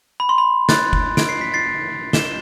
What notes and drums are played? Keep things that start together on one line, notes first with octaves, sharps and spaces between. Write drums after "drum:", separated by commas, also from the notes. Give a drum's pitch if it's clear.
B5
C6
B5
F#6 A6, drum: snare
drum: kick F#1
D7, drum: snare
C7
B6
A6 C7
E7 G7, drum: snare